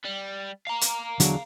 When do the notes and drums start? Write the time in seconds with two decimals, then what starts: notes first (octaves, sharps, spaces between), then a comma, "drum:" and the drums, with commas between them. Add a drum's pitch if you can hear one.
0.05 G3
0.67 F5 A#5
0.81 drum: hi-hat
1.20 E2 D3 F#3, drum: hi-hat